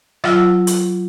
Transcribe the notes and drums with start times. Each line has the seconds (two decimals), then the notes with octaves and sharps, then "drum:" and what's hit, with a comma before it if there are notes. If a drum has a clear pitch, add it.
0.24 F#3 F4 E6, drum: rim click
0.67 drum: hi-hat